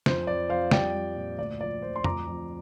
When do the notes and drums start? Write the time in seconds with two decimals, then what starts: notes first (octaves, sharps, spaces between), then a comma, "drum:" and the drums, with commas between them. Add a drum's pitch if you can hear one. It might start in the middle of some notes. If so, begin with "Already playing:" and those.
0.06 F2 C5, drum: snare
0.27 F2 D5
0.49 F2 C5 F5
0.71 G3 D5 G5, drum: snare
0.94 G3
1.17 A#2
1.38 D2 D5
1.61 F3 D5
1.82 D2 C5
1.96 C6
2.04 F2 A#5 D6, drum: tom F2
2.27 F2